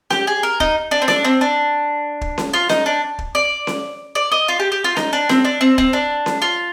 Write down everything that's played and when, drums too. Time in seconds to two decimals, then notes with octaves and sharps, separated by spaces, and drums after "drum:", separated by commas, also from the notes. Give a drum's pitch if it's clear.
0.10 G4, drum: snare C#4
0.27 G#4
0.43 A#4
0.60 D#4, drum: kick
0.91 D4
1.02 C4
1.08 D4, drum: snare C#4
1.24 C4
1.41 D4
2.21 drum: kick
2.38 drum: snare C#4
2.53 F4
2.69 D#4, drum: snare C#4
2.86 D4
3.19 drum: kick
3.35 D5
3.67 drum: snare C#4
4.15 D5
4.32 D#5
4.48 F4
4.60 G4
4.72 G4
4.84 F4
4.97 D#4, drum: snare C#4
5.13 D4
5.29 C4, drum: snare C#4
5.45 D4
5.61 C4
5.78 C4, drum: kick
5.93 D4
6.26 drum: snare C#4
6.42 F4